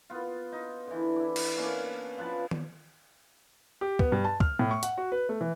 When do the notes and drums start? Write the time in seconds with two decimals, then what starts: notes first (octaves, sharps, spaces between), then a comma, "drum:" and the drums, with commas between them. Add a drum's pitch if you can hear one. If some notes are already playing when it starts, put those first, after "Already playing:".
0.10 B3 F4
0.52 D#4
0.87 D3 E3
1.16 E4 D6
1.36 drum: cymbal
1.57 A#3 B3 C#4 D4
2.18 F3 B4 F#5 A5
2.51 drum: tom D#3
3.81 G4
3.99 B3, drum: kick
4.12 G2
4.25 A5
4.40 F6, drum: kick
4.59 A2
4.71 C#6
4.83 F#5, drum: hi-hat
4.98 F#4
5.12 B4
5.29 A3
5.41 E3